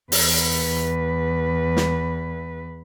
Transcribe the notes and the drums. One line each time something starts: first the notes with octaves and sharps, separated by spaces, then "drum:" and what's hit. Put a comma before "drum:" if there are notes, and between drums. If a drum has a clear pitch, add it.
E2 B4, drum: open hi-hat
drum: snare